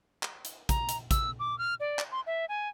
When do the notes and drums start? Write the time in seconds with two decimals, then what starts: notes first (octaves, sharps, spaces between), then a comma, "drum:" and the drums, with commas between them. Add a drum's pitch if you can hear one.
0.23 drum: clap
0.45 drum: hi-hat
0.69 A#5, drum: kick, hi-hat
0.89 drum: hi-hat
1.11 E6, drum: kick, hi-hat
1.40 D6
1.59 F6
1.80 D5
1.99 drum: clap
2.12 C6
2.27 E5
2.49 G#5